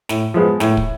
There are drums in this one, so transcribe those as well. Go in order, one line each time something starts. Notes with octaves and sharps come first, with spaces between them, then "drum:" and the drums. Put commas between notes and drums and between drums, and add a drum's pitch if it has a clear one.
A2, drum: snare
F3 G#3 B3
A2, drum: snare
drum: kick